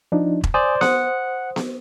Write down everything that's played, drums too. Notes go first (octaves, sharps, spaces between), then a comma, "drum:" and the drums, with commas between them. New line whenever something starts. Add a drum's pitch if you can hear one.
F3 D4 D#4
drum: kick E1
C5 D5 G#5 D#6
C5 F#5 D#6, drum: snare B3
drum: snare B3